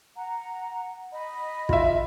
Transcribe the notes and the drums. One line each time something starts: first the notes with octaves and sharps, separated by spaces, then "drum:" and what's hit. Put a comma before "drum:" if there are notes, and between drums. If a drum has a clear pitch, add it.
F#5 A#5
D#5 B5
F4 E5, drum: kick